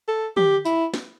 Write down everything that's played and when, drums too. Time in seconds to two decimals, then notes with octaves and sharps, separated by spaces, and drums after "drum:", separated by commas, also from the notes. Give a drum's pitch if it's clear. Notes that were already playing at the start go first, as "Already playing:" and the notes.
0.08 A4
0.37 G4, drum: tom
0.65 E4, drum: tambourine
0.94 drum: snare